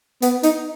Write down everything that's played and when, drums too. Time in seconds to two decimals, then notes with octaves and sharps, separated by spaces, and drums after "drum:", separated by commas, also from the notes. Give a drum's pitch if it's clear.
0.22 B3, drum: hi-hat
0.43 D#4, drum: hi-hat